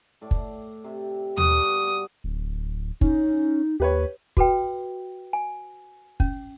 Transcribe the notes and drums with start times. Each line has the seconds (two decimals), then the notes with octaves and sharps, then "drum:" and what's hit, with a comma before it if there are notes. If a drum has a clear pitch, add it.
0.21 A2 D5
0.31 drum: kick
0.84 C3
1.37 G2 B3 F#4 D#6, drum: tom D#2
2.24 D1
3.01 C#4 D#4, drum: kick
3.80 D#2 G4 B4 C#5
4.37 F#4 A4 B4 G5, drum: kick
5.33 G#5
6.20 C#4, drum: kick